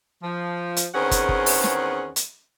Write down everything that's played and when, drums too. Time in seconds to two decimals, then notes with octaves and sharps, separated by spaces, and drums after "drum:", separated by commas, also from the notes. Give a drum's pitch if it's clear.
0.23 F3
0.77 drum: hi-hat
0.94 E2 D#3 C4 C#4 G#4 F#5
1.11 drum: kick, hi-hat
1.29 drum: kick
1.46 drum: open hi-hat
1.64 drum: snare
2.16 drum: hi-hat